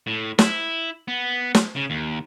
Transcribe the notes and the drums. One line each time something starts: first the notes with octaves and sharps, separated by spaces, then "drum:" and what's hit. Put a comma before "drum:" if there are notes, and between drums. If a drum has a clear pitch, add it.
A2
E4, drum: snare
B3
drum: snare
C#3
D#2